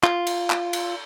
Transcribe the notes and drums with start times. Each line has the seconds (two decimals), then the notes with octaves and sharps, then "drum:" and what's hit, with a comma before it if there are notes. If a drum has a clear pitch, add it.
0.03 F4, drum: clap
0.27 drum: cymbal
0.50 drum: clap
0.73 drum: cymbal